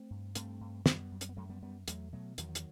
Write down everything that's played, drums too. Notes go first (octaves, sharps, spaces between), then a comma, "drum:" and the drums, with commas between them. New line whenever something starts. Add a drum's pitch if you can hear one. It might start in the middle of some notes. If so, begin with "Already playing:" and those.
Already playing: A3 C4
G2
G2 A3 C4, drum: hi-hat
G2
F#2 G3 B3, drum: snare
F#2
C4, drum: hi-hat
B3
F#2 F#3 A3
G3 B3
F#2 G3 B3
E2 F#3 A3, drum: hi-hat
B2 F#3 A3
E2 D#3 F#3, drum: hi-hat
drum: hi-hat